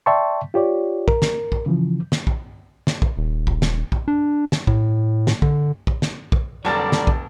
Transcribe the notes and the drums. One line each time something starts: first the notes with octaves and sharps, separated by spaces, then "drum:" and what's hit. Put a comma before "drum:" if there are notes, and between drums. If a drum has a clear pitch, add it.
D5 E5 G5 A5 C6 C#6
F4 G4 C#5 D5
A#4, drum: kick
drum: snare
drum: kick
C#3 E3 F3
drum: snare
drum: kick
drum: snare
drum: kick
D#1
drum: kick
drum: snare
drum: kick
D4
drum: snare
A2, drum: kick
drum: snare
D3, drum: kick
drum: kick
drum: snare
drum: kick
F1 D3 F#3 G3 A#4 D5 A5 A6
drum: snare
drum: kick